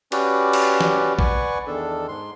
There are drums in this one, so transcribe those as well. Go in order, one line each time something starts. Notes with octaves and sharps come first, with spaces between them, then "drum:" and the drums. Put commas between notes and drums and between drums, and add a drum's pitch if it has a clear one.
C#4 F#4 G4 B4 D5, drum: cymbal
drum: cymbal
drum: snare
B4 D5 F#5 G#5 C#6, drum: kick A#1
E2 D#3 D4 A4
G#2 C6